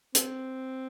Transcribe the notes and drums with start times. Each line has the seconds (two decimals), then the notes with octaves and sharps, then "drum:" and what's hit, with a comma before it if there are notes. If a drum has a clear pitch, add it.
0.15 C4, drum: hi-hat